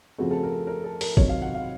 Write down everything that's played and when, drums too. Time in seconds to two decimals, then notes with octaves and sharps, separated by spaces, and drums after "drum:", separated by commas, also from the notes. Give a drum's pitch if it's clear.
0.18 F2 C#3 A3 C4 F#4
0.31 A4
0.44 A#4
0.67 A#4
0.84 A4
1.01 A#4, drum: open hi-hat
1.17 C3 D#3 F#3 C#5, drum: kick
1.29 F5
1.42 F#5
1.54 F5